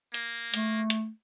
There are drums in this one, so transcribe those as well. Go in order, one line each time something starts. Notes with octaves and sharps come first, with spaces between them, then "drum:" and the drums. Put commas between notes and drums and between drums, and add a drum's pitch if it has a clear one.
A#3, drum: hi-hat
A3, drum: hi-hat
drum: hi-hat